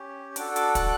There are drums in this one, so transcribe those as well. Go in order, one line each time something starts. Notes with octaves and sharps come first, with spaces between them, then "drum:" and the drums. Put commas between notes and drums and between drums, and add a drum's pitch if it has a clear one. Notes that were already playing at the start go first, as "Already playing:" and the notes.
Already playing: C#4 G4
D4 F#4 A4 D6, drum: hi-hat
D6, drum: hi-hat
F#6, drum: kick, hi-hat